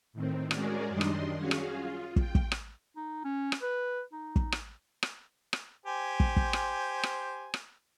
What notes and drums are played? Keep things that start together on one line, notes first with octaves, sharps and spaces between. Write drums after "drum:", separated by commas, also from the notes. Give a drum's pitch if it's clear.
A2 D#3 C4
G#3 C#4 F#4 G#4 A#4 D5, drum: rim click
F#2 D#3 G3 D4 D#5 C6
drum: rim click
C#4 F#4 G#4 F5
drum: rim click
F4
G5, drum: kick
drum: kick
drum: rim click
D#4
C#4
drum: rim click
B4
D#4
drum: kick
drum: rim click
drum: rim click
drum: rim click
G4 C5 G#5
drum: kick
drum: kick
drum: rim click
drum: rim click
drum: rim click